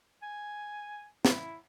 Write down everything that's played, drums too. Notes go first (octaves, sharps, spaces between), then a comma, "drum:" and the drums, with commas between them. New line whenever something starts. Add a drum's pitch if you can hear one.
G#5
E4, drum: snare